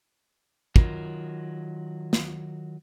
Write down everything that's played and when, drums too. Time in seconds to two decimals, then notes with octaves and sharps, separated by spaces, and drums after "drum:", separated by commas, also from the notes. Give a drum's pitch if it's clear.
0.76 D#3 F#3 F4 A#4, drum: kick
2.13 drum: snare